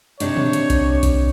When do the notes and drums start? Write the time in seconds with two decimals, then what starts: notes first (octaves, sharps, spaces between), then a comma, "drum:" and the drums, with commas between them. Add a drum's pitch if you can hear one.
0.20 C3 D4 D#4 C#5, drum: hi-hat
0.37 drum: tom
0.53 drum: hi-hat
0.70 drum: kick B1, hi-hat
1.03 drum: kick B1, hi-hat